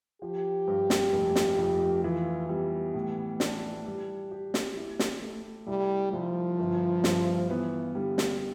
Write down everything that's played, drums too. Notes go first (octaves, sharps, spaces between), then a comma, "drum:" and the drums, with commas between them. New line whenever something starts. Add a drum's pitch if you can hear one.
F3 G4
G2
drum: snare
F1
drum: snare
F2
E3 F4
G3 B3
A2
D4, drum: snare
G3
G4
drum: snare
E4
drum: snare
A3
C2 G3
C2 F3
G1
G2, drum: snare
E3 B3
D3 G3
drum: snare